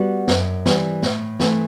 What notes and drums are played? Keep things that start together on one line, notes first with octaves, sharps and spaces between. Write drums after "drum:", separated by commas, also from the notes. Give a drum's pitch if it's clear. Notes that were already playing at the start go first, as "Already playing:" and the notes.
Already playing: G3 B3 F#4
F#2, drum: snare
E3 G3 C4, drum: snare
A2, drum: snare
E3 A3 C4, drum: snare